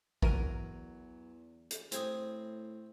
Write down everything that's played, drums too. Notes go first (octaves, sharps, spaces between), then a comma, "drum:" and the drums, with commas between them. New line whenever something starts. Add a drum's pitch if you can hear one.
E2 E3 F#3 A#4 D#7, drum: kick A1
drum: hi-hat
A2 C4 G#5 D#6, drum: hi-hat